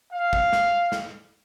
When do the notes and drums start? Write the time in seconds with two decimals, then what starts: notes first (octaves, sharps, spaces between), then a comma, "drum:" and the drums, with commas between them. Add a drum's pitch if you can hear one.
0.13 F5
0.33 drum: kick
0.53 drum: snare
0.92 drum: snare